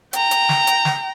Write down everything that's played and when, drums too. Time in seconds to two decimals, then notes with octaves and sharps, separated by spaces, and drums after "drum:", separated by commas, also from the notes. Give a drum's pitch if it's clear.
0.13 G5 A#5, drum: hi-hat
0.31 drum: hi-hat
0.49 drum: snare
0.67 drum: hi-hat
0.85 drum: snare